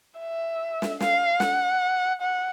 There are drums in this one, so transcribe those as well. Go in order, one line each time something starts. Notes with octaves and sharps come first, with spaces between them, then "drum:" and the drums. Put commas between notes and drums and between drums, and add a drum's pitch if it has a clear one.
E5
drum: snare
F5, drum: snare
F#5, drum: snare
F#5